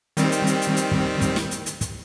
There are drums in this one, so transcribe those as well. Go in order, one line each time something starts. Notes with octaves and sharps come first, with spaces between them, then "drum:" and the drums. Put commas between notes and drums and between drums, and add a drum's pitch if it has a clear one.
D#3 G3 C4, drum: hi-hat
drum: hi-hat
drum: hi-hat
drum: hi-hat
drum: hi-hat
drum: kick
drum: kick, hi-hat
drum: snare
drum: hi-hat
drum: hi-hat
drum: kick, hi-hat